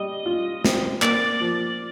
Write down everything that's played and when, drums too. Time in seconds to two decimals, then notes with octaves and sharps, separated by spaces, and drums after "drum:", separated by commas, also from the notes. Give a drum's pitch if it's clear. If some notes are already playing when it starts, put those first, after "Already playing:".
Already playing: G3 D#5
0.26 F4
0.65 C4, drum: snare
1.02 A#3 D5, drum: clap
1.41 F3